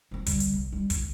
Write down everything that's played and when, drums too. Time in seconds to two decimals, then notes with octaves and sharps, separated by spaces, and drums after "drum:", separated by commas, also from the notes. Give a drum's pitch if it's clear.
0.11 F3 C4
0.26 D3 G3, drum: kick, hi-hat
0.40 drum: hi-hat
0.53 C2
0.72 G3 D#4
0.90 D2, drum: kick, hi-hat